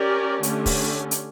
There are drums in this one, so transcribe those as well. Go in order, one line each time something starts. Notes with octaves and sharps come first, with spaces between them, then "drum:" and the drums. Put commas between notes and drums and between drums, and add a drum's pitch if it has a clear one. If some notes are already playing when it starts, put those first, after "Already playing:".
Already playing: C#4 G4 A#4 D5
D3 A3 C#4 G4, drum: hi-hat
drum: kick, open hi-hat
drum: hi-hat